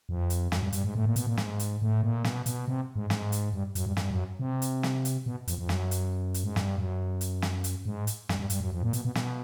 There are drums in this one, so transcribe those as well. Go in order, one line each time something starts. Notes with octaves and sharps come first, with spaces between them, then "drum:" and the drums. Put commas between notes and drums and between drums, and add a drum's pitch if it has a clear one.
F2
drum: hi-hat
F#2, drum: snare
G2
G2, drum: hi-hat
G#2
A2
A#2
B2, drum: hi-hat
A#2
G#2, drum: snare
drum: hi-hat
A2
A#2
B2, drum: snare
B2, drum: hi-hat
C3
G#2
G#2, drum: snare
drum: hi-hat
G2
F#2, drum: hi-hat
G2
G2, drum: snare
F#2
C3
drum: hi-hat
drum: snare
drum: hi-hat
B2
F2, drum: hi-hat
F2
F#2, drum: snare
drum: hi-hat
drum: hi-hat
G#2
G2, drum: snare
F#2
drum: hi-hat
drum: snare
drum: hi-hat
G#2
drum: hi-hat
G2, drum: snare
G2
G2, drum: hi-hat
F#2
F2
A#2
B2, drum: hi-hat
B2
B2, drum: snare